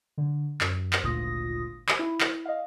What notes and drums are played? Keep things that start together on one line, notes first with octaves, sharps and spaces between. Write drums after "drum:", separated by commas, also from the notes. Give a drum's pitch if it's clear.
D3
F#2, drum: clap
drum: clap
G#1 D2 A#2 F4 D#6 A#6
drum: clap
E4
drum: clap
D#5 F5